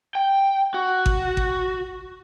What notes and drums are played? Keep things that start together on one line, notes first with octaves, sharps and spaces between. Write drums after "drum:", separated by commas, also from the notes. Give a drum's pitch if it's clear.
G5
F#4
drum: kick G#1
drum: kick G#1